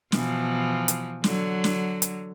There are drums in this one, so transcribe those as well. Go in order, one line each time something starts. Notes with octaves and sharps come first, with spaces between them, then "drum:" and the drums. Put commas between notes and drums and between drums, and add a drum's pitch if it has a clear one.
B2 E3 F3, drum: snare
drum: hi-hat
D3 F#3, drum: snare
drum: snare
drum: hi-hat